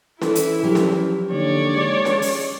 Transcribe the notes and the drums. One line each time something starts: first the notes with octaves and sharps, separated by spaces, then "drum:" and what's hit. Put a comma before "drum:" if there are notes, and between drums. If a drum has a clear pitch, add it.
E3 E4 A4, drum: snare C#4
drum: hi-hat
F3 F#3 C#4 G4
drum: snare C#4
D#2 D3 C#5 D5
G#3
drum: snare C#4
drum: open hi-hat